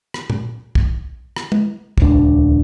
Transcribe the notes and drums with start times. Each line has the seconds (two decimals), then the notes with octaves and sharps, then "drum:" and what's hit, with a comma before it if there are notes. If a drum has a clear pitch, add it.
0.14 drum: rim click
0.30 drum: tom A#2
0.75 drum: kick
1.36 drum: rim click
1.52 drum: tom
1.98 D#1 C#2 D4, drum: kick